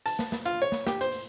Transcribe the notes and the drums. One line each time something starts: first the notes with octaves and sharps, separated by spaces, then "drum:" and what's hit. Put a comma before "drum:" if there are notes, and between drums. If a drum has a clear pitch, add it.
A5, drum: open hi-hat
drum: snare
drum: snare
F4, drum: hi-hat
C#5
drum: snare
G4, drum: snare
C5, drum: hi-hat
drum: open hi-hat